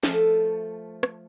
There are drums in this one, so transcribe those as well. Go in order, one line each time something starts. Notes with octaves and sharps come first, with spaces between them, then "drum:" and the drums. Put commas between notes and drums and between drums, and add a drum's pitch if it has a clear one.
F3 A3, drum: snare
drum: rim click